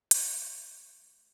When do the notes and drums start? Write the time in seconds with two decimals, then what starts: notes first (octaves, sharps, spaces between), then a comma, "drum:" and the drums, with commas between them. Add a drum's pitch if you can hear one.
0.11 G#2 C3 D#3 F3 C#4 E4, drum: hi-hat
0.38 A3 A#3 F4 F#4 A#4 D#5
1.01 A3 G4 B4